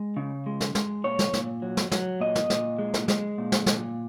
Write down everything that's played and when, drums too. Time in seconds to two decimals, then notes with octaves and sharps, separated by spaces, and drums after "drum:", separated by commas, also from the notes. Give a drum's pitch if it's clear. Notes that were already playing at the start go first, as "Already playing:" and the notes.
Already playing: G#3
0.17 C#3
0.46 G#3
0.61 drum: snare
0.75 G#3, drum: snare
1.04 A#2 C#5
1.19 drum: snare
1.33 A#2, drum: snare
1.62 F#3
1.77 drum: snare
1.92 F#3, drum: snare
2.20 A#2 D#5
2.35 drum: snare
2.50 A#2, drum: snare
2.79 G#3
2.94 drum: snare
3.08 G#3, drum: snare
3.38 A#2
3.52 drum: snare
3.66 A#2, drum: snare